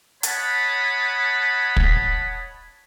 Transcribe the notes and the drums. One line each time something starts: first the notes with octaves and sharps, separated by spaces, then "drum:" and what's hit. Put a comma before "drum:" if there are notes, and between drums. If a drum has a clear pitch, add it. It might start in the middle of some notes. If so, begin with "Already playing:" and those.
C#5 D#5 F#5 A5 B5, drum: hi-hat
drum: kick